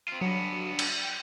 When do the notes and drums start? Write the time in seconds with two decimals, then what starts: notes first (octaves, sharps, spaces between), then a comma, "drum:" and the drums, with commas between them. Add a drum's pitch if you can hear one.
0.08 C4 F4
0.21 G2 F#3 B3
0.79 drum: cymbal
1.02 G5